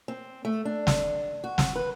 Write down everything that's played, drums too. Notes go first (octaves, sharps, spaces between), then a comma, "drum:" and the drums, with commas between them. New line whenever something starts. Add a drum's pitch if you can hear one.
C4
A3
D4
drum: snare
F#4
drum: snare
B4